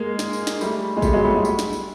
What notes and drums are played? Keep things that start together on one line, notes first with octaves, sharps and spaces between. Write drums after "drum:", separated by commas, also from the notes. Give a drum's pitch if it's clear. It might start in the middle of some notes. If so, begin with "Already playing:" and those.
Already playing: G#3 A#3
drum: snare
drum: tambourine
drum: snare
G3 A3, drum: tambourine
G#3
G3 A3, drum: kick, tambourine
F#3 G#3
G3 A3
F#3 G#3
drum: tambourine
drum: snare
drum: tambourine